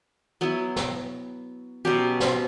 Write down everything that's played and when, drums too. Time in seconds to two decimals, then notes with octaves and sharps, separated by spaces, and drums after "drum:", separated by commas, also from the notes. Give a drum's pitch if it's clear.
0.41 F#3 B3 E4
0.76 drum: snare
1.85 B2 F#3 C#4 G4
2.20 drum: snare